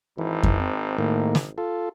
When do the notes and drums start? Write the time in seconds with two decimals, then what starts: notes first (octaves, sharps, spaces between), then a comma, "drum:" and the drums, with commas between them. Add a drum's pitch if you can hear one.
0.18 G#1 E3
0.43 drum: kick F2
0.60 C4
0.98 A2 D#3 A#3
1.35 drum: snare
1.58 F4 A4